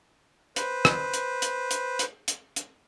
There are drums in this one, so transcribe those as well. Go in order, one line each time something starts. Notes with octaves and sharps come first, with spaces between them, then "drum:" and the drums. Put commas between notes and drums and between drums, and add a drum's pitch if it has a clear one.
B4 C5, drum: hi-hat
drum: rim click
drum: hi-hat
drum: hi-hat
drum: hi-hat
drum: hi-hat
drum: hi-hat
drum: hi-hat